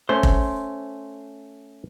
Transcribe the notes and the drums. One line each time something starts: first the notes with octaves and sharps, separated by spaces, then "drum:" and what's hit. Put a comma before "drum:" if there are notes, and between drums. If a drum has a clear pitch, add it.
A3 C#4 C5
drum: kick F1